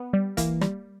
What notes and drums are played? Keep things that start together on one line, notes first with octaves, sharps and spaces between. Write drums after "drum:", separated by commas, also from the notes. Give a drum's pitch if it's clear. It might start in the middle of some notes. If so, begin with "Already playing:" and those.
Already playing: B3
G3
E3 A#3, drum: kick, hi-hat
G3, drum: rim click